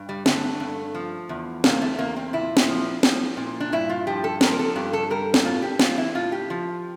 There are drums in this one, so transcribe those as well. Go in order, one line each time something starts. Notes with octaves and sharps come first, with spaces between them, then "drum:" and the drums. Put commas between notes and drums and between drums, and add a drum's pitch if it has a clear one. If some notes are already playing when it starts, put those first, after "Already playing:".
Already playing: G2
G3
D3 A3, drum: snare
G2
F3
E2
C3 A#3, drum: snare
A3
E2 A#3
C4
A#2 E4
drum: snare
F3
F3, drum: snare
A#2
D4
G2 E4
F4
F3 G4
A4
F3 A#4, drum: snare
A#4
A4
G2 G4
A4
G3 A#4
drum: snare
A2 F4
G4
E3 F4, drum: snare
E4
A2 F4
G4
F3